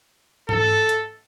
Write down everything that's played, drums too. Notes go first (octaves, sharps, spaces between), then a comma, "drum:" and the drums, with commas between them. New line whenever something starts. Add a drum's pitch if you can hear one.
A4, drum: tom G#2
drum: hi-hat